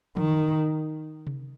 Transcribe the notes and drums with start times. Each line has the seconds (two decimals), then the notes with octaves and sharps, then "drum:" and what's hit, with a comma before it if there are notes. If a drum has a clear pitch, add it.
0.17 D#3, drum: tom E3
1.27 drum: tom C3